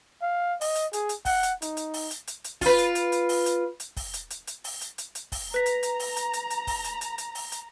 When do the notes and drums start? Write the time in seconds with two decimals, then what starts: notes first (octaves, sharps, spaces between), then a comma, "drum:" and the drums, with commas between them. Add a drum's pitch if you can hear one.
0.22 F5
0.61 D#5, drum: open hi-hat
0.75 drum: hi-hat
0.93 G#4, drum: hi-hat
1.09 drum: hi-hat
1.25 F#5, drum: kick, open hi-hat
1.43 drum: hi-hat
1.62 D#4, drum: hi-hat
1.77 drum: hi-hat
1.94 drum: open hi-hat
2.11 drum: hi-hat
2.27 drum: hi-hat
2.44 drum: hi-hat
2.61 F4 B4, drum: kick, open hi-hat
2.78 drum: hi-hat
2.95 drum: hi-hat
3.12 drum: hi-hat
3.29 drum: open hi-hat
3.46 drum: hi-hat
3.80 drum: hi-hat
3.97 drum: kick, open hi-hat
4.13 drum: hi-hat
4.30 drum: hi-hat
4.47 drum: hi-hat
4.64 drum: open hi-hat
4.81 drum: hi-hat
4.98 drum: hi-hat
5.15 drum: hi-hat
5.32 drum: kick, open hi-hat
5.54 B4 A#5 B6
5.66 drum: hi-hat
5.83 drum: hi-hat
6.00 drum: open hi-hat
6.16 drum: hi-hat
6.33 drum: hi-hat
6.50 drum: hi-hat
6.67 drum: kick, open hi-hat
6.84 drum: hi-hat
7.01 drum: hi-hat
7.18 drum: hi-hat
7.35 drum: open hi-hat
7.52 drum: hi-hat